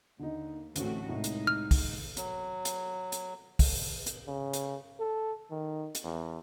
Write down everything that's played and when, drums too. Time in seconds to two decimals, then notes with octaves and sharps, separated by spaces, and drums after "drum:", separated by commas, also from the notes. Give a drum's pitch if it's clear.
0.19 D#2 D3 D#4
0.76 A1 D2 A3 C4 F#4, drum: hi-hat
1.09 C2 A2 G#3 D#4
1.24 drum: hi-hat
1.47 F6
1.71 drum: kick, open hi-hat
2.17 F#3, drum: hi-hat
2.65 drum: hi-hat
3.12 drum: hi-hat
3.59 drum: kick, open hi-hat
4.06 drum: hi-hat
4.28 C#3
4.53 drum: hi-hat
4.99 A4
5.51 D#3
5.95 drum: hi-hat
6.04 E2